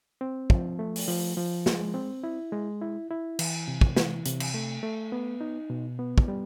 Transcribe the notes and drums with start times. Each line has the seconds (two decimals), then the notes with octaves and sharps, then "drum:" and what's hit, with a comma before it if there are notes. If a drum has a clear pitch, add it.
0.21 C4
0.50 F3, drum: kick
0.79 A3
0.96 drum: open hi-hat
1.08 F3
1.37 F3
1.66 G#3, drum: snare
1.94 C4
2.24 E4
2.52 G#3
2.81 E4
3.11 E4
3.39 E3, drum: cymbal
3.68 C3
3.81 drum: kick
3.96 E3, drum: snare
4.26 C3, drum: hi-hat
4.40 drum: cymbal
4.54 A3
4.83 A3
5.12 B3
5.41 D#4
5.70 B2
5.99 B3
6.18 drum: kick
6.28 G3